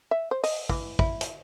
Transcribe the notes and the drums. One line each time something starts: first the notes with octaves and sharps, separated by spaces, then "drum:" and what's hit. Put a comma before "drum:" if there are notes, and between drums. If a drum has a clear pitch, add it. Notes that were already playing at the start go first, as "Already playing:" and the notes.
E5
C5
D#5, drum: open hi-hat
E3, drum: kick
E4, drum: kick
drum: hi-hat